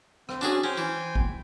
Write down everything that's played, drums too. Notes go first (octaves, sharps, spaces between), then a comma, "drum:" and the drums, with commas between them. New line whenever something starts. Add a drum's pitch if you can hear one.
C4, drum: rim click
C#4 D4 F#4 G#4
C#4 C5 G5 G#5
E3
drum: kick G#1